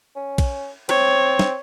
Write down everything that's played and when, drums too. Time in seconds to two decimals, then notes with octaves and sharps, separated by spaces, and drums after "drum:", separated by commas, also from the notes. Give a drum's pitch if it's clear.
0.16 C#4
0.38 drum: kick, cymbal
0.89 C4 C#5, drum: cymbal
1.39 drum: snare